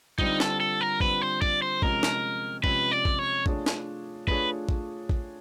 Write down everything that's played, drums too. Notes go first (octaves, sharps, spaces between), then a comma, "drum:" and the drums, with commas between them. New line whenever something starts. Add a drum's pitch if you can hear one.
D3 G3 C4 D#4 F4, drum: kick A1
A4, drum: snare
A4
A#4
D3 G3 C4 F4 B4, drum: kick A1
C5
D5, drum: kick A1
C5
C3 F3 G#3 C#4 A#4, drum: kick A1
drum: snare
C3 F3 G#3 C#4 B4, drum: kick A1
D5
drum: kick A1
C#5
A3 D4 F4 G#4 C#5, drum: kick A1
drum: snare
A3 D4 F4 G#4 B4 C#5, drum: kick A1
drum: kick A1
drum: kick A1